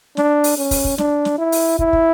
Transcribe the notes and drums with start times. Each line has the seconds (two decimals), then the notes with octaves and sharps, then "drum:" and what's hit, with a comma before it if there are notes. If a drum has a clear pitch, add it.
0.17 D4, drum: snare
0.44 drum: open hi-hat
0.58 C#4
0.71 drum: kick, open hi-hat
0.84 drum: kick
0.98 D4, drum: snare
1.25 drum: snare
1.38 E4
1.52 drum: open hi-hat
1.79 E4, drum: kick
1.93 drum: kick